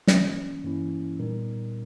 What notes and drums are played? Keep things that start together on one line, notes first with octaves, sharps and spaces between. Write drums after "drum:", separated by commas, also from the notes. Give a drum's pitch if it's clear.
E3 A#3 C#4, drum: snare
G2 E3 A#3 C#4 E4
A#2 G3 B3 D#4 A#4